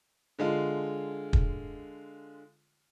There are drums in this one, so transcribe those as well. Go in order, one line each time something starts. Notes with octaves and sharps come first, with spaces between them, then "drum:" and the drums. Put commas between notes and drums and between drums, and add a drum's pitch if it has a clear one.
D3 G#3 F4
drum: kick